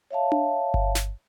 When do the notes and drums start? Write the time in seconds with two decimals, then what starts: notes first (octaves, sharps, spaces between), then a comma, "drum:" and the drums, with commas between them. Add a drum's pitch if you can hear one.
0.11 C#5 E5 F5 A5
0.32 drum: tom D4
0.74 drum: kick G1
0.95 drum: snare